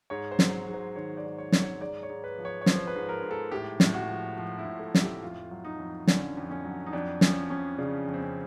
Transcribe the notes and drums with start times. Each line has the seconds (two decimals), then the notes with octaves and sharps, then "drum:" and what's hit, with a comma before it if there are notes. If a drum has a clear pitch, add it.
0.10 G#2 C#5
0.32 C5
0.39 F#3, drum: snare
0.67 G#2
0.74 C5
0.96 D#3 C#5
1.17 D5
1.24 G#2
1.38 C#5
1.52 F#3, drum: snare
1.60 C#5
1.81 G#2 D5
2.03 C#5
2.10 G#2
2.24 B4
2.38 F3
2.45 C#5
2.61 C#5
2.66 F3 C5, drum: snare
2.87 B4
2.95 G#2
3.09 A#4
3.23 G#2
3.31 A4
3.52 A2 G4
3.80 A2, drum: snare
3.94 F#4
4.09 F3
4.37 F3
4.59 E4
4.65 A2
4.79 A4
4.95 A2, drum: snare
5.01 G4
5.23 F2 F4
5.51 F#3
5.65 D#4
5.80 F2
6.07 D3 C#4, drum: snare
6.37 F2
6.51 C#4
6.65 F#3
6.86 D#4
6.93 F2 D4
7.21 F3 C#4, drum: snare
7.50 F2 C#4
7.79 C#3 D4
8.07 F2
8.14 C4
8.21 C#4